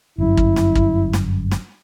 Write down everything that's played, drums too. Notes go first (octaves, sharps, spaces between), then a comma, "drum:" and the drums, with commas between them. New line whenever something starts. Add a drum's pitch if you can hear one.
G1 F#2 E4
drum: kick
drum: snare
drum: kick
drum: snare
drum: snare